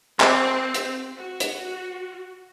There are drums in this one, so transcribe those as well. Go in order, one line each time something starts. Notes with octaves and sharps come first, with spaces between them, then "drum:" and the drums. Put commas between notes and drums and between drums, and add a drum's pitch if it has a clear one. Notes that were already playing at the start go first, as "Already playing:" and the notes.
C4, drum: clap
drum: hi-hat
F#4
drum: hi-hat